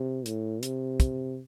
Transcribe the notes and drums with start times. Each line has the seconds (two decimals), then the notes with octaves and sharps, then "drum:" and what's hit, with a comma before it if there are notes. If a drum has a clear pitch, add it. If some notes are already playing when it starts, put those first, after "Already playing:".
Already playing: C3
0.26 A2, drum: hi-hat
0.63 C3, drum: hi-hat
1.00 drum: kick, hi-hat